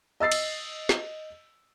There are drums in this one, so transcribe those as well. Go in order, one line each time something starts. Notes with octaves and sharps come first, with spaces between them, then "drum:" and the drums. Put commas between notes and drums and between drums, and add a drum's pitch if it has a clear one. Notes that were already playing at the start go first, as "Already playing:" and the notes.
D#5 E6 A6 C7
drum: cymbal
drum: snare